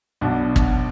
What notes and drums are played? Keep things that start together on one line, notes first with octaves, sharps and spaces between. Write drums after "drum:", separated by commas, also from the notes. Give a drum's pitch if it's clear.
B1 B2 D4
drum: kick